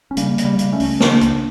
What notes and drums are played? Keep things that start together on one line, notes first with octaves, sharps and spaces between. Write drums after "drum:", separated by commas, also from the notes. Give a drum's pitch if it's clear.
C#4
C#3 G3 A#3, drum: hi-hat
C#3, drum: hi-hat
G3 A#3
C#3 A#3, drum: hi-hat
A3 C#4
C#2, drum: open hi-hat
C#3 A#3 D4, drum: snare
C#2, drum: hi-hat